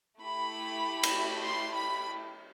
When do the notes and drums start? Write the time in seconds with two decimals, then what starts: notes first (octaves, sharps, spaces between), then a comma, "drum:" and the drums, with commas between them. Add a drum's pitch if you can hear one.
0.21 A3 E4 G4 B5
1.03 drum: cymbal
1.44 C6
1.75 B5